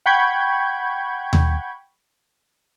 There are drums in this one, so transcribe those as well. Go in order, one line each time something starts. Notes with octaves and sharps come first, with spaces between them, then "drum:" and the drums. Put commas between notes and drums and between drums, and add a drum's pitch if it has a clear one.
F#5 G5 B5 C#6 G6 G#6
drum: tom D#2